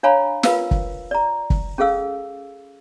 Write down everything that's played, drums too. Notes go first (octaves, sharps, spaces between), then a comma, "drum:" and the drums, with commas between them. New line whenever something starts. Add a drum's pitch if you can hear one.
D4 C#5 F5 G#5 A#5 B5
F4 A#4 B4 F5 E6, drum: snare
drum: kick
D5 A#5
drum: kick
C#4 G#4 A4 F5 E6